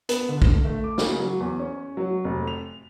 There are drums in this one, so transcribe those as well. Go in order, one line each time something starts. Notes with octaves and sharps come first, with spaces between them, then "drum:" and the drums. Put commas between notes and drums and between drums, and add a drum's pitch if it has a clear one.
B3, drum: hi-hat
D3
drum: kick
A3
D6
C#3, drum: snare
F#3
E2
C#4
F#3
F1
F7